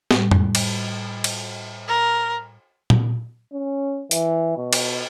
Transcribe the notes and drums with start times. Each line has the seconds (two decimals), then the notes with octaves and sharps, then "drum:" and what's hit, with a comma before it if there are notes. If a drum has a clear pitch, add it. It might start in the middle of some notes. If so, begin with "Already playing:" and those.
0.11 A2 G3, drum: snare
0.31 drum: tom F2
0.55 drum: cymbal
1.24 drum: cymbal
1.88 A#4
2.90 drum: tom A#2
3.53 C#4
4.11 E3, drum: hi-hat
4.57 B2
4.73 drum: cymbal